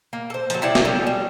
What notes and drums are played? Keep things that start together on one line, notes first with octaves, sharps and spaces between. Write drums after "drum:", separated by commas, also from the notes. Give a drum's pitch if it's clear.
A#3
A4 C5
F3 F#3, drum: hi-hat
C3 E4 D5 F#5
drum: snare
G3 C#4 A4
G3